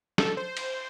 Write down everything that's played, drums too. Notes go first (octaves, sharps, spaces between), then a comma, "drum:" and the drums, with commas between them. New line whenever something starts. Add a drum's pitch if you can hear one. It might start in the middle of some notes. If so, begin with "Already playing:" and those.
A4, drum: snare
C5
drum: cymbal